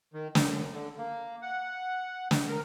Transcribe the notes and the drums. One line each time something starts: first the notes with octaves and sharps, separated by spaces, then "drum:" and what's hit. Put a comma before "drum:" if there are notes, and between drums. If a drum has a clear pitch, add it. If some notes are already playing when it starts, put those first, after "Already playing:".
D#3
F#2, drum: snare
D3
A#3
F#5
drum: snare
A#4